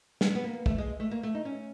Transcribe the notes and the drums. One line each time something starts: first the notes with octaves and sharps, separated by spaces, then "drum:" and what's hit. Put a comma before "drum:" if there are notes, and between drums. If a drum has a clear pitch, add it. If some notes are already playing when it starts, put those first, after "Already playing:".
B3, drum: snare
B3
A#3
A3, drum: kick
G#3
A3
A#3
A3
D#4
C#4